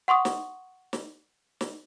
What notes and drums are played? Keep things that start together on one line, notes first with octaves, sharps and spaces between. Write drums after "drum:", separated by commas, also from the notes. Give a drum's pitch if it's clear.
F#5 C6 C#6 D#6
drum: snare
drum: snare
drum: snare